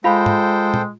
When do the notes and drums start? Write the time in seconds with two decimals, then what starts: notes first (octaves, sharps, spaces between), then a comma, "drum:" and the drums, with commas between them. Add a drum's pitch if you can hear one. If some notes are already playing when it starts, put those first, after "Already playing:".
0.04 G#3 F4 A4 C5 F5 G5 B5
0.26 drum: tom G#2
0.74 drum: tom